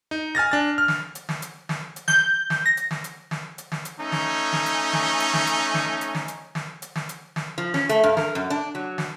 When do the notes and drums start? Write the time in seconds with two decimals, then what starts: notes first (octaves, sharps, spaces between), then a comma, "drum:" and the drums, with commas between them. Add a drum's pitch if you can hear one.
0.11 D#4
0.35 G#5 F6 A6 A#6
0.51 D4 A6
0.78 F6
0.88 drum: snare
1.15 drum: hi-hat
1.29 drum: snare
1.42 drum: hi-hat
1.69 drum: snare
1.96 drum: hi-hat
2.08 G6, drum: snare
2.50 drum: snare
2.66 A#6
2.77 drum: hi-hat
2.91 drum: snare
3.04 drum: hi-hat
3.31 drum: snare
3.58 drum: hi-hat
3.72 drum: snare
3.85 drum: hi-hat
3.99 A3 C#4 D#4
4.12 drum: snare
4.53 drum: snare
4.66 drum: hi-hat
4.93 drum: snare
5.20 drum: hi-hat
5.34 drum: snare
5.47 drum: hi-hat
5.74 drum: snare
6.01 drum: hi-hat
6.15 drum: snare
6.28 drum: hi-hat
6.55 drum: snare
6.82 drum: hi-hat
6.95 drum: snare
7.09 drum: hi-hat
7.36 drum: snare
7.58 F3
7.74 C#4, drum: snare
7.89 A3, drum: hi-hat
8.03 G2
8.17 A#4, drum: snare
8.35 F#2
8.50 D4
8.75 F#3
8.98 drum: snare